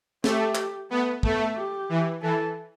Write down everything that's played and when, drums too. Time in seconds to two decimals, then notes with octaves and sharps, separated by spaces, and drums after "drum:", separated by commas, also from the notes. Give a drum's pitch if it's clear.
0.24 A3 G4, drum: snare
0.55 drum: clap
0.90 A3 B3
1.23 A3 B3, drum: kick
1.57 G4
1.89 E3
2.22 E3 A4